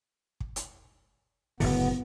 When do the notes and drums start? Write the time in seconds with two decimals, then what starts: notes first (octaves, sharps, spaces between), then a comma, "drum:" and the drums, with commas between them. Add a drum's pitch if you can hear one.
0.40 drum: kick
0.56 drum: hi-hat
1.60 F#1 A2 D3 B3, drum: open hi-hat